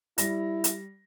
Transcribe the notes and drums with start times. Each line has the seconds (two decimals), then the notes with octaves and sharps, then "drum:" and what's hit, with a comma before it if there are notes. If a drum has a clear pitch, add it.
0.18 G3 E4 A#6, drum: hi-hat
0.64 drum: hi-hat